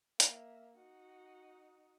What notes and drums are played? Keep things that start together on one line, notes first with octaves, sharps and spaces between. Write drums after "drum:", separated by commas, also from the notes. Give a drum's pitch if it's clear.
A#3 E5, drum: hi-hat
D#4 F#4